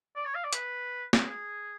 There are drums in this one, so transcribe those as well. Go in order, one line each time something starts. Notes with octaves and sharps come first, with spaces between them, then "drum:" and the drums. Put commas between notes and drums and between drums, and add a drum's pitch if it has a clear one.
D5
C#5
F5
D5
B4, drum: hi-hat
drum: snare
G#4